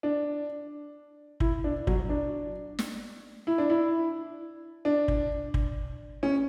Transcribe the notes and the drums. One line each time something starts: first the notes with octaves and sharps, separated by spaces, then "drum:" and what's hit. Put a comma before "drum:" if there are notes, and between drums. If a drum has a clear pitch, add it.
D4
E4, drum: kick
D4
F#3, drum: kick
D4
drum: snare
E4
D4
E4
D4
drum: kick
drum: kick
C#4